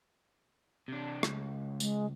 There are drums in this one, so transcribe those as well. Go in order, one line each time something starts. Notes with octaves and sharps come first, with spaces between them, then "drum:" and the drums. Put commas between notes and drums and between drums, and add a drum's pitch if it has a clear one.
C3 D4
C#2, drum: rim click
G#3, drum: tambourine